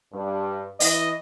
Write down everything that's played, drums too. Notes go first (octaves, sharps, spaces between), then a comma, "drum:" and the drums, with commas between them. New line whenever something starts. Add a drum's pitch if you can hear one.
G2
E3 D#5, drum: open hi-hat